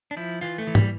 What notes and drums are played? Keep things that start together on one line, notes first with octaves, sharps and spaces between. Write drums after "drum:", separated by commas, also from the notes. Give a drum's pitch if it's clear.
D4
F3 E4
E3 F4
A3
E3
G3, drum: tom